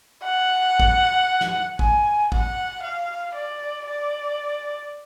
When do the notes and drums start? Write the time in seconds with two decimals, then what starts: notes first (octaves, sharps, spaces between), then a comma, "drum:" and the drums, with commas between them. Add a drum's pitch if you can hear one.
0.24 F#5
0.80 drum: kick
1.41 drum: snare
1.79 G#5, drum: kick
2.32 F#5, drum: kick
2.83 F5
3.34 D5
3.87 D5